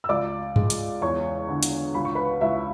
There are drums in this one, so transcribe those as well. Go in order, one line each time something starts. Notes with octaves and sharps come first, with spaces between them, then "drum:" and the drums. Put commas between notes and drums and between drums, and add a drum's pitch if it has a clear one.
E6
C#2 D5 D6
G#3, drum: tom G2
drum: hi-hat
E2 C#5 C#6
D3
drum: hi-hat
C#2 B5
C#6
B4 B5
C#2 E4 E5